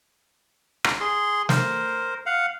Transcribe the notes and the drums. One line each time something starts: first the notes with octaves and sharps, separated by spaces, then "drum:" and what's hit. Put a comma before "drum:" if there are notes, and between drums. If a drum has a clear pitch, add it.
drum: rim click
G#4 C6
A#4 C5, drum: snare
F5 F#5